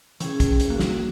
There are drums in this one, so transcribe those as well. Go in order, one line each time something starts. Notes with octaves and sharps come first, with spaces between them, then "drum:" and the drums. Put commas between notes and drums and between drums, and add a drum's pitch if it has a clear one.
E3 C#4 G#4 G5, drum: hi-hat
drum: kick, hi-hat
drum: hi-hat
A#3 F#4
drum: snare